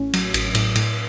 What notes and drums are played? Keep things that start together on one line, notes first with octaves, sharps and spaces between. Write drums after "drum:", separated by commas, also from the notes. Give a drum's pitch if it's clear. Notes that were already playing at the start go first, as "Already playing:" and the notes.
Already playing: A1 A2 C#4
F#3, drum: cymbal
A1, drum: cymbal
A2, drum: cymbal
A2, drum: cymbal